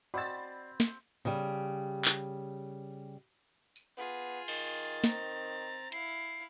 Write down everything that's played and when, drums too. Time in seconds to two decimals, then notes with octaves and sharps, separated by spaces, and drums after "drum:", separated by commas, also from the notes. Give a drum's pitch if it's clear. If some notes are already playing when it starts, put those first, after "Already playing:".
0.14 C4 F#4 D5 D#5 B5 E6 A6
0.80 drum: snare
1.25 C#3 G3
2.05 drum: clap
3.76 drum: tambourine
3.98 B3 F4 G#4
4.48 D#3 A6, drum: cymbal
5.04 C4 A#5, drum: snare
5.92 E4 F5 C7, drum: hi-hat